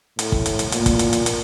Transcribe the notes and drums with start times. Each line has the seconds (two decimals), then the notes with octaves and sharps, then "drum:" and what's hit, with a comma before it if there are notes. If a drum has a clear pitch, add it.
0.19 A2, drum: hi-hat
0.32 drum: kick
0.46 drum: hi-hat
0.59 drum: hi-hat
0.72 A#2, drum: hi-hat
0.86 drum: kick, hi-hat
0.99 drum: hi-hat
1.13 drum: hi-hat
1.26 drum: hi-hat